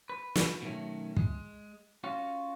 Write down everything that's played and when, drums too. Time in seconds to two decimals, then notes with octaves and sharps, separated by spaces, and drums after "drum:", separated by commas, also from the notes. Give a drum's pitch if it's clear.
0.10 B4
0.35 drum: snare
0.62 B2 D#3 F#3 A3 C#4
1.17 G#3, drum: kick
2.04 C#4 F4 F#4